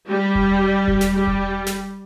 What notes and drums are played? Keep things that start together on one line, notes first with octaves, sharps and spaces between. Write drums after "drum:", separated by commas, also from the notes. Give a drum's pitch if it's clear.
G3 G4
drum: kick E1
drum: kick E1
drum: snare
G3 G4
drum: kick E1
drum: snare